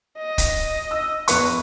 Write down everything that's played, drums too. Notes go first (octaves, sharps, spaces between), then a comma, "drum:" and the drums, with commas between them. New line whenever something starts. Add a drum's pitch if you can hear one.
D#5
drum: kick, hi-hat
E6
E2 B4 C#6, drum: hi-hat